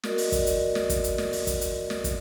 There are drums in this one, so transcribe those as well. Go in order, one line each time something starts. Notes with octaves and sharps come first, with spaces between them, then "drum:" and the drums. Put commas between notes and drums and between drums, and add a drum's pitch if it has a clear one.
F#4 A#4 D5 D#5, drum: snare
drum: open hi-hat
drum: kick, hi-hat
drum: hi-hat
drum: snare
drum: kick, hi-hat
drum: hi-hat
drum: snare
drum: open hi-hat
drum: kick, hi-hat
drum: hi-hat
drum: snare
drum: kick, hi-hat